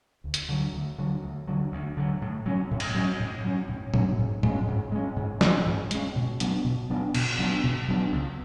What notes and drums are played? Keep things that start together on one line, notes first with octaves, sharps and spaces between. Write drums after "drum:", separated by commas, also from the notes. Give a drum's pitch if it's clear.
D2
drum: hi-hat
D3 F#3
D2
D3 F#3
D2
D3 F#3
D2
D3 F#3
A2
F#3 C#4
A2
drum: cymbal
F#3 C#4
A2
F#3 C#4
A2
F#3 C#4, drum: tom A2
G#2
G#3 C#4, drum: tom A2
G#2
G#3 C#4
G#2
G#3 C#4, drum: snare
G#2
G#3 C#4, drum: hi-hat
B2
F#3 B3 D4, drum: hi-hat
B2
F#3 B3 D4
B2, drum: cymbal
F#3 B3 D4
B2
F#3 B3 D4
C#2